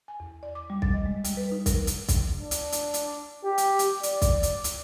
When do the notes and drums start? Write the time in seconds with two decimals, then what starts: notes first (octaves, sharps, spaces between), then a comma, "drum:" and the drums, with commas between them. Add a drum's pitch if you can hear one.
0.08 G#5
0.20 E2
0.43 D5
0.55 D6
0.70 G3
0.82 A6, drum: kick
0.94 D#5
1.06 G#3
1.24 G3, drum: hi-hat
1.37 B4
1.52 D#4
1.66 A#4, drum: kick, hi-hat
1.87 drum: hi-hat
2.08 drum: kick, hi-hat
2.39 D4
2.51 drum: hi-hat
2.72 drum: hi-hat
2.94 drum: hi-hat
3.44 G4
3.58 drum: hi-hat
3.79 drum: hi-hat
4.03 D5, drum: hi-hat
4.22 drum: kick, hi-hat
4.43 drum: hi-hat
4.64 drum: hi-hat